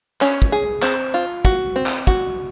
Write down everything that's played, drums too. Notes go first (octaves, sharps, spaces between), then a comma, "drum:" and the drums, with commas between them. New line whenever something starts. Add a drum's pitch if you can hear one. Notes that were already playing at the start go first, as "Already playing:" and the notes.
C#4, drum: clap
drum: kick
G#4
C4, drum: clap
F4
F#4, drum: kick
C4
drum: clap
F#4, drum: kick